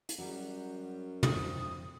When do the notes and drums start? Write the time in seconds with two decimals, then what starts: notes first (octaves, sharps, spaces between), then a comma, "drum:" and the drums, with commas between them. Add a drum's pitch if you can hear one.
0.09 drum: hi-hat
0.18 F#2 F#3 G3
1.23 F2 C3 D#6, drum: tom